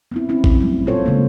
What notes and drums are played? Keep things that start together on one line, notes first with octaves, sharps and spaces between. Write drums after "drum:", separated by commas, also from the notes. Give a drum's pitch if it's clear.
B3 C4 E4
C4 C#4 E4
drum: kick A#1
F#3 G3 A3
A#2 B3 F4 A4 C5 C#5
C#3 G#3 A#3 B3